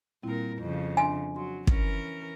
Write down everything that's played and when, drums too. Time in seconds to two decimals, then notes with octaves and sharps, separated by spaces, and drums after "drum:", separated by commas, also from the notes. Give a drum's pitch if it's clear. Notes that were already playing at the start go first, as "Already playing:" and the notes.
0.23 A#2 G3 C4 E4 A#4
0.58 F2 C#3
0.97 D4 E5 G#5 C6
1.36 F#3 C6
1.67 E3 C#4 A#4, drum: kick